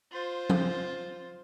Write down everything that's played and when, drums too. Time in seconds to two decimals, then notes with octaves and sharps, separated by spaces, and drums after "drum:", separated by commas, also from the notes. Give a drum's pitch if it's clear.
0.12 F4 C5
0.50 drum: tom F3